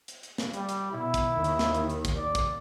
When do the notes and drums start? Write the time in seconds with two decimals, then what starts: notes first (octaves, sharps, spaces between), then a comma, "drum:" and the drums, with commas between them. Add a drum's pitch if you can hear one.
0.08 drum: hi-hat
0.23 drum: hi-hat
0.38 drum: snare
0.54 G3, drum: hi-hat
0.69 drum: hi-hat
0.92 B2 E4
1.14 drum: kick, hi-hat
1.33 D#2 D#3
1.44 drum: hi-hat
1.59 drum: snare
1.74 drum: hi-hat
1.90 drum: hi-hat
2.05 drum: kick, hi-hat
2.17 D5
2.35 drum: kick, hi-hat